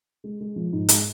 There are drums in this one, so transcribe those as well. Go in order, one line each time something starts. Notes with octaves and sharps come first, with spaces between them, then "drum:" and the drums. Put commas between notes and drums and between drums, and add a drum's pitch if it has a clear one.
G#3
G#3
F3
G#2
G#3, drum: hi-hat